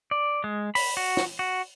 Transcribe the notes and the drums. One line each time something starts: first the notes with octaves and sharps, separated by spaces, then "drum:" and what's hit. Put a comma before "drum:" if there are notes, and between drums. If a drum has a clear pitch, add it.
D5
G#3
B5, drum: open hi-hat
F#4
drum: snare
F#4